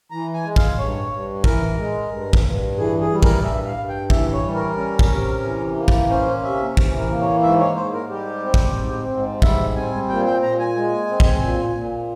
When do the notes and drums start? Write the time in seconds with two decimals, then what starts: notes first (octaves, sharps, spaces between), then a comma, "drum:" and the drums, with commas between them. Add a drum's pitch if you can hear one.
0.11 E3 A#5
0.34 G#5
0.44 G#3
0.56 F5, drum: kick
0.78 G2 C#5
1.12 G2
1.44 E3 A#4, drum: kick
1.77 G#3
2.12 G2
2.33 drum: kick
2.44 G2
2.78 E3 G#4
3.00 G#4
3.11 G3
3.23 A#4, drum: kick
3.44 G2 E5
3.67 F5
3.77 G2
3.89 G5
4.10 E3 E5, drum: kick
4.33 C#5
4.44 G3
4.55 A#4
4.77 C#4
4.99 drum: kick
5.11 C3
5.44 E3
5.77 A#3
5.88 drum: kick
6.10 C#4 C5
6.43 C3 E5
6.77 E3, drum: kick
6.99 A#4
7.10 A#3
7.20 C#5
7.43 G#2 E5
7.59 C#5
7.76 G#2 C5
7.93 A#4
8.09 G3 G4
8.43 C4
8.54 drum: kick
8.77 G#2
9.10 G#2
9.42 G3 E5, drum: kick
9.76 C4 G#5
10.09 A#2 G5
10.26 G5
10.42 A#2 A#5
10.59 G#5
10.76 G#3
11.09 C4
11.20 drum: kick
11.42 A#2
11.76 A#2